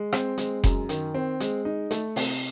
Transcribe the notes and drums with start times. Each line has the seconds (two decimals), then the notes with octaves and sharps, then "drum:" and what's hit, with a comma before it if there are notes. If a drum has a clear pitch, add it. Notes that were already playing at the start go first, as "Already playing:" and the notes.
Already playing: G#3
0.12 C4, drum: rim click
0.38 G#3, drum: hi-hat
0.64 F#2, drum: kick F1, hi-hat
0.89 D#3, drum: hi-hat
1.14 C4
1.40 G#3, drum: hi-hat
1.65 D#4
1.91 A3, drum: hi-hat
2.16 C3, drum: open hi-hat